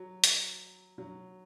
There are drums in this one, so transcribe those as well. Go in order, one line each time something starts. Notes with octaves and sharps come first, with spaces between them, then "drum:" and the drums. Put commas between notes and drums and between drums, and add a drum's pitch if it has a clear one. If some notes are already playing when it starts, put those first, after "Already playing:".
Already playing: F#3
drum: hi-hat
F#3